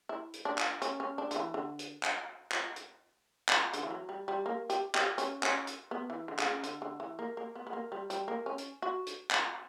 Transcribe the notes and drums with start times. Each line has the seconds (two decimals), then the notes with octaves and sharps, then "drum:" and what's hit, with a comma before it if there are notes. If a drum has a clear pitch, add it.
0.09 E4
0.34 drum: hi-hat
0.45 D4
0.58 drum: clap
0.82 C#4, drum: hi-hat
1.00 C#4
1.18 D4
1.31 D3, drum: hi-hat
1.36 E3
1.54 D3
1.79 drum: hi-hat
2.03 drum: clap
2.52 drum: clap
2.76 drum: hi-hat
3.49 drum: clap
3.73 D3, drum: hi-hat
3.83 E3
3.91 F#3
4.09 G3
4.28 G3
4.46 A#3
4.70 G4, drum: hi-hat
4.95 G4, drum: clap
5.18 C#4, drum: hi-hat
5.43 C#4, drum: clap
5.67 drum: hi-hat
5.91 B3
6.10 E3
6.28 D3
6.39 D3, drum: clap
6.45 C#3
6.63 D3, drum: hi-hat
6.82 D3
7.00 E3
7.19 A#3
7.37 A#3
7.55 B3
7.67 B3
7.73 A#3
7.92 G3
8.10 G3, drum: hi-hat
8.28 A#3
8.46 C#4
8.58 drum: hi-hat
8.82 F#4
9.07 drum: hi-hat
9.31 drum: clap